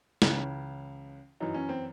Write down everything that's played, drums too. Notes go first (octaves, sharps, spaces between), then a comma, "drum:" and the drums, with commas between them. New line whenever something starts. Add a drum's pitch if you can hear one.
C#2 C#3 E3 C#4, drum: snare
F#2 E3 D#4
C#4
C4